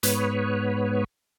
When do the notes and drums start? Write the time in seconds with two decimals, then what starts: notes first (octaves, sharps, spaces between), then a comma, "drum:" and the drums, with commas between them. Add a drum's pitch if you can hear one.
0.03 G#2 B3 B4 C#5, drum: hi-hat